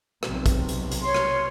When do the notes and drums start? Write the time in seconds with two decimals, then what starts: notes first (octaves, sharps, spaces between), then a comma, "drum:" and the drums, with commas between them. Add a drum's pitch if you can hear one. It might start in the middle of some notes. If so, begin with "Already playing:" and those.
0.23 B1 C3, drum: rim click
0.46 drum: kick, hi-hat
0.69 drum: hi-hat
0.92 drum: hi-hat
1.03 C#5 C6
1.14 drum: rim click